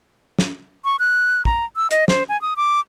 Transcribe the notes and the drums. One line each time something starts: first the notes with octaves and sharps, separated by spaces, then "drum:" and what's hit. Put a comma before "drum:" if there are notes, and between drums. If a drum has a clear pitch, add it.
drum: snare
C#6
F#6
A#5, drum: kick
E6
D#5, drum: hi-hat
C5, drum: snare
G#5
D#6
D6